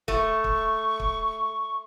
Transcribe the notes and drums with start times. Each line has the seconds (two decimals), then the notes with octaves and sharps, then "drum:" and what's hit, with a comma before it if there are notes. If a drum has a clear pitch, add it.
0.08 A3 C#6, drum: kick
0.44 drum: kick
1.00 drum: kick